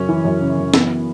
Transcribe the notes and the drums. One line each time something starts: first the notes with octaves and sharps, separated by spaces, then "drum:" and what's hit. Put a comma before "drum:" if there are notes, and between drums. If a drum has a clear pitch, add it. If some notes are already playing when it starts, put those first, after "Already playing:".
Already playing: F#2 C#3 C#4
E3
F#2
C#3
F#2
E3 B3, drum: snare